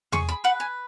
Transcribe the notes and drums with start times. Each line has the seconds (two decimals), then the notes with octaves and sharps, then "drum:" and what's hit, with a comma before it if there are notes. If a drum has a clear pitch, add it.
0.12 G#4 C#6, drum: tom E2
0.29 B5
0.44 B4 F#5
0.60 G#5